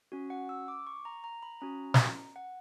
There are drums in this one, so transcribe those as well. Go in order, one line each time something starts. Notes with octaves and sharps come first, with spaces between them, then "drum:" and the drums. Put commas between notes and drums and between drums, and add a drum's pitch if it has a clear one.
C#4 F#4
F#5
E6
D6
C#6
A#5
A#5
B5
C#4 F#4 A#5
drum: snare
F#5